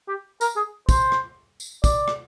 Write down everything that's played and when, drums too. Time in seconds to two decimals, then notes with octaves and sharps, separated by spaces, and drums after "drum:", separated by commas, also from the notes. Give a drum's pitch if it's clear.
0.08 G4
0.41 A#4, drum: tambourine
0.56 G#4
0.89 C5, drum: kick, tambourine
1.12 drum: rim click
1.60 drum: tambourine
1.84 D5, drum: kick, tambourine
2.08 drum: rim click